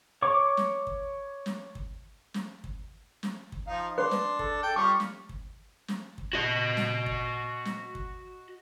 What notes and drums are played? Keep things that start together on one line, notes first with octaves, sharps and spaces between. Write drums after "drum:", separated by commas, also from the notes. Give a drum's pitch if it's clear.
C#5 C#6 D6
drum: snare
drum: kick
drum: snare
drum: kick
drum: snare
drum: kick
drum: snare
drum: kick
F3 D#4 F5
D4 B4 C6
drum: snare
A4, drum: kick
A4 G5
G3 F4 C#6 D6
drum: snare
drum: kick
drum: snare
drum: kick
F#4 D#5
drum: snare
drum: kick
drum: snare
drum: kick